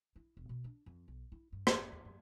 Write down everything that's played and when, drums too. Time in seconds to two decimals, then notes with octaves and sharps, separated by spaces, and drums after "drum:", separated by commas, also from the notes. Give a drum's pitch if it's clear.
0.16 E4
0.37 E1
0.49 B2
0.64 D4
0.86 F2
1.08 B1
1.32 E4
1.52 G2
1.67 F#1, drum: rim click
1.91 D#2
2.05 F#2